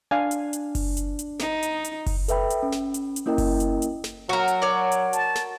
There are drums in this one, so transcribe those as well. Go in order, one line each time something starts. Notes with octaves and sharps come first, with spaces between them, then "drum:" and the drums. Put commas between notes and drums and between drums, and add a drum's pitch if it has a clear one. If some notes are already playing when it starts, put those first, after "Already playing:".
D4 F5 G#5
drum: hi-hat
drum: hi-hat
drum: kick F#1, open hi-hat
drum: hi-hat
drum: hi-hat
D#4, drum: snare
drum: hi-hat
drum: hi-hat
drum: kick F#1, open hi-hat
A4 B4 E5 G5 B5, drum: hi-hat
drum: hi-hat
C#4
drum: snare
drum: hi-hat
drum: hi-hat
A#3 C#4 E4 A#4 D#5 G5
drum: kick F#1, open hi-hat
drum: hi-hat
drum: hi-hat
drum: snare
F#3 F#4 A#4
drum: hi-hat
C#5 D5
drum: hi-hat
A5, drum: hi-hat
drum: snare